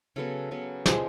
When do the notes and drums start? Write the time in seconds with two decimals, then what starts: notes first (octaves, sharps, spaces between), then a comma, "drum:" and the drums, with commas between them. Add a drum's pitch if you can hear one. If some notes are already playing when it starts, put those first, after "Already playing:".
0.16 C#3 F#3 B3 A4
0.51 C#3 F#3 B3
0.86 C#3 F3 G#3 G#4, drum: snare